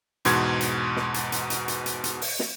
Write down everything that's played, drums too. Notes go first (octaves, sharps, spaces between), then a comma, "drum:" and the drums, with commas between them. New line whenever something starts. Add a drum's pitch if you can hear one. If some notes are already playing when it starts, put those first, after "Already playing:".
E2 G#2 B2 C6 G#6, drum: hi-hat
drum: hi-hat
drum: snare
drum: hi-hat
drum: hi-hat
drum: hi-hat
drum: hi-hat
drum: hi-hat
drum: hi-hat
drum: open hi-hat
drum: snare